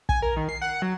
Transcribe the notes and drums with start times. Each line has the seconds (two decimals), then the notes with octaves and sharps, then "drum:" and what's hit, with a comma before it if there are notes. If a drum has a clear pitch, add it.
0.09 G#5, drum: kick
0.22 A#4
0.37 D#3
0.49 C7
0.62 F#5
0.82 F#3